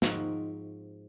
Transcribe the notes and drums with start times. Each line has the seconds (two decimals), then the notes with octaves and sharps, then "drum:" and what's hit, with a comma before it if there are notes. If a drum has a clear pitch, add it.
0.02 G#2 F3 C4 D#4 F#4, drum: snare